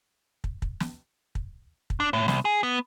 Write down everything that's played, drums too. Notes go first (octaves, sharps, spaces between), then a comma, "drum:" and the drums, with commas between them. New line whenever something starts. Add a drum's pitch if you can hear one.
drum: kick
drum: kick
drum: snare
drum: kick
drum: kick
D4
A2
C2, drum: snare
G#4
B3